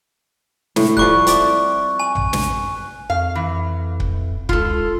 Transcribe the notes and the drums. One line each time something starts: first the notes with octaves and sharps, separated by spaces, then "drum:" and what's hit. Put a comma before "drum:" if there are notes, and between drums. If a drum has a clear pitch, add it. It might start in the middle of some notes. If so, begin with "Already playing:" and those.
A2, drum: snare
F3 G3 C#6 F#6, drum: kick C#1
C4 D5 E5, drum: hi-hat
G#5
drum: tom A1
drum: snare
F2 F5
E3
drum: kick C#1
C#2 F4 A4, drum: kick C#1